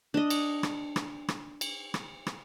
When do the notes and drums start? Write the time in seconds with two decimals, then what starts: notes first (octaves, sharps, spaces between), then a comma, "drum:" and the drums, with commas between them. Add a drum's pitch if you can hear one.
0.14 D4 D#5
0.30 drum: cymbal
0.63 drum: rim click
0.96 drum: rim click
1.28 drum: rim click
1.61 drum: cymbal
1.94 drum: rim click
2.27 drum: rim click